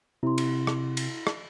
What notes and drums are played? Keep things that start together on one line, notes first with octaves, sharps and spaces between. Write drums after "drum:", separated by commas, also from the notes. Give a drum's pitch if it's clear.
C3 E4 C6
drum: cymbal
drum: rim click
drum: cymbal
drum: rim click